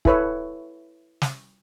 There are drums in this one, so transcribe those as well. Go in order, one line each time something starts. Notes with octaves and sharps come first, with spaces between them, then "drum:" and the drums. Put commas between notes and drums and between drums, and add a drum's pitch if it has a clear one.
E4 A4 B4 C#5 E6, drum: kick
drum: snare